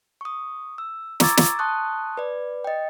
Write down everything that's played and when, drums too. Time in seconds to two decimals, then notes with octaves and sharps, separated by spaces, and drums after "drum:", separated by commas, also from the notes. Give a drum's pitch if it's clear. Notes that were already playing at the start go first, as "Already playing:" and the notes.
0.21 C#6 D#6
0.78 E6
1.20 A#5 C#6 D6 E6 G#6 A6, drum: snare
1.37 drum: snare
1.59 A5 C6 C#6 D#6 F#6
2.17 B4 D5
2.64 D#5 G5